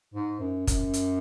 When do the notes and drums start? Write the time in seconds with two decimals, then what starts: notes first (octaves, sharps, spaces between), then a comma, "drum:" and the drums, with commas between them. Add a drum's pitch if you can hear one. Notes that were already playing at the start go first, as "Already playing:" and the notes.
0.14 G#2
0.40 F#2
0.67 F#2, drum: kick, hi-hat
0.94 drum: hi-hat